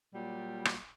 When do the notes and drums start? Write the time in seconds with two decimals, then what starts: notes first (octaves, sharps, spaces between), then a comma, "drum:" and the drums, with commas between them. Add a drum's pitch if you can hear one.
0.14 A#2 F#3 G3
0.65 drum: rim click